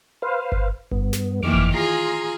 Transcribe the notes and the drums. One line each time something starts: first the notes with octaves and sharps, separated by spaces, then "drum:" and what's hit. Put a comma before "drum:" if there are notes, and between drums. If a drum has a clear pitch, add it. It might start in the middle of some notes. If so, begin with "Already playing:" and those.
B4 C5 F5
drum: kick G1
G2 B3, drum: kick G1
drum: snare
F2 D#3 E3 A#3 D6 F6
drum: kick G1
F4 G#4 A#5 C6